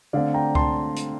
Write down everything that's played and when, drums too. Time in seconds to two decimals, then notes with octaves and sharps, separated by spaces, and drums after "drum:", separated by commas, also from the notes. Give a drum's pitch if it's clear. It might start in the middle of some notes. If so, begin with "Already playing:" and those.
0.13 D3 A3 C4 D5 F5
0.34 G5 A#5
0.55 A5 C6, drum: kick C#2
0.96 drum: hi-hat